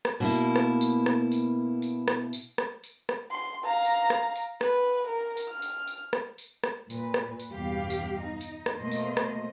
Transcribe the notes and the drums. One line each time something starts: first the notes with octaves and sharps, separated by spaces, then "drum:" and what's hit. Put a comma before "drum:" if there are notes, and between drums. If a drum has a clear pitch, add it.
drum: rim click
B2 A#3 E4
drum: tambourine
drum: rim click
drum: tambourine
drum: rim click
drum: tambourine
drum: tambourine
drum: rim click
drum: tambourine
drum: rim click
drum: tambourine
drum: rim click
C6
F5 A#5
drum: tambourine
drum: rim click
drum: tambourine
B4, drum: rim click
A#4
drum: tambourine
F6
drum: tambourine
drum: tambourine
drum: rim click
drum: tambourine
drum: rim click
A#2 B4, drum: tambourine
drum: rim click
drum: tambourine
E2 G2 B2 G4 F5
drum: tambourine
D#4
drum: tambourine
drum: rim click
B2 A3 A#3 C5 D#5
drum: tambourine
drum: rim click